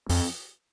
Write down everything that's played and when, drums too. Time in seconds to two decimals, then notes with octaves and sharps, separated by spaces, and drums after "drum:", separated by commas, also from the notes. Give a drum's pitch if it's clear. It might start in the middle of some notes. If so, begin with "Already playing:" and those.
0.09 F2, drum: open hi-hat